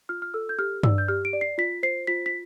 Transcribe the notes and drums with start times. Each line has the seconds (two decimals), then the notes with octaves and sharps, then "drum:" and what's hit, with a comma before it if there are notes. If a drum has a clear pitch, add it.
0.09 F4 F6
0.22 F6
0.34 A4 E6
0.49 G6
0.59 G4 F6
0.83 D5 E6, drum: tom G2
0.98 G6
1.08 G4 F6
1.25 D7
1.33 D5
1.41 C7
1.58 F4 B6
1.83 C5 C7
2.07 F4 B6
2.26 B6